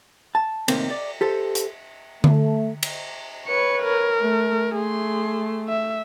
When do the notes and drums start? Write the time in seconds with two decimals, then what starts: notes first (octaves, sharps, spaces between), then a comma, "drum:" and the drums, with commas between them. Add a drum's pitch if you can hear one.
0.35 A5
0.68 A2 C3 D#3 A#3 C4, drum: cymbal
0.90 D5
1.21 G4 A4 C5
1.55 drum: hi-hat
2.24 A3, drum: tom D3
2.83 drum: cymbal
3.47 B4 C#5 C#7
3.82 A#4
4.21 A3
4.76 A3 G#4 C6
5.69 E5